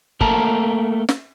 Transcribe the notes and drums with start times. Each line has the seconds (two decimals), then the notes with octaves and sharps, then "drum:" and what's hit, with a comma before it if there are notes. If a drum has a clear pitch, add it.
0.21 A3 A#3 A#4 G5 A5 A#5, drum: kick
1.09 drum: snare